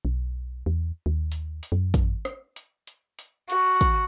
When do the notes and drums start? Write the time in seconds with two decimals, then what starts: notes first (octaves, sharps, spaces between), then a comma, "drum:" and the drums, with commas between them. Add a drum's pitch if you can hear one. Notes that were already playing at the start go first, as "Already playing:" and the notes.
0.05 B1
0.66 E2
1.06 D#2
1.32 drum: hi-hat
1.63 drum: hi-hat
1.72 F#2
1.94 drum: kick, hi-hat
2.25 drum: rim click
2.56 drum: hi-hat
2.87 drum: hi-hat
3.19 drum: hi-hat
3.50 F#4, drum: hi-hat
3.81 drum: kick, hi-hat